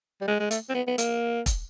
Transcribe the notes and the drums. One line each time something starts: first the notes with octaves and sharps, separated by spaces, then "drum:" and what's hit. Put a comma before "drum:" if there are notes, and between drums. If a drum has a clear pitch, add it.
G3
G#3
G#3
A3, drum: hi-hat
C4
B3
B3
A#3, drum: hi-hat
drum: kick E1, hi-hat